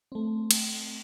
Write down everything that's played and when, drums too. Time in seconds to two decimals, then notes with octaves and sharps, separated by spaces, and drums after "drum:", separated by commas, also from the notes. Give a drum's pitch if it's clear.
0.12 A3 C4
0.51 drum: cymbal